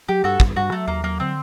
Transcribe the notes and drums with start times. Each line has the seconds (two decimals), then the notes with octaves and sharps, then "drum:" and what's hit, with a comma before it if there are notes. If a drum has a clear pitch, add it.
0.09 F#3 G4
0.24 G2 F#4 A4
0.40 G2, drum: kick
0.56 G2 F#4
0.72 F#3 A3
0.88 D#2 A#3
1.04 F#3 A#3
1.20 D3 C4